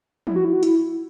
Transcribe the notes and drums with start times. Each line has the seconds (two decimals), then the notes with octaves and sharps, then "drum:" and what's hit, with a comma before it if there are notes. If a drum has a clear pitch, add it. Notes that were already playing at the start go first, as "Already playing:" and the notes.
0.27 E4, drum: tom
0.36 F#4
0.45 E4
0.53 F#4
0.63 E4, drum: hi-hat